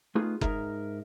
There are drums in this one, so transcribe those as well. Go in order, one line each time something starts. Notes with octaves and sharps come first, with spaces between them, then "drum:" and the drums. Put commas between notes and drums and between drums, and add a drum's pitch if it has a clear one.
A3 B3 D#4 F4 G#4
G#2 D#4 G#4 A#4 E5 A#5, drum: kick F#1